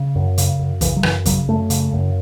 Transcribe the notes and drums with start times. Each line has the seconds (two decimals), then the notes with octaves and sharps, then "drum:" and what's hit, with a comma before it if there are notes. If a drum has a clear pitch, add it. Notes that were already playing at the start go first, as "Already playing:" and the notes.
Already playing: C#3
0.16 F#2
0.38 C#3, drum: hi-hat
0.59 F#2
0.81 C#3 E3, drum: kick, hi-hat
0.96 F#3
1.03 F#2 E3, drum: rim click
1.26 C#3 F#3, drum: kick, hi-hat
1.48 F#2 A3
1.70 C#3, drum: hi-hat
1.93 F#2